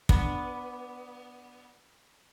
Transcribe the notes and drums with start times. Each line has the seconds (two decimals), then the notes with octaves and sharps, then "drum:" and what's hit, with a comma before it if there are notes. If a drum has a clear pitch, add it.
0.09 B3 D4, drum: kick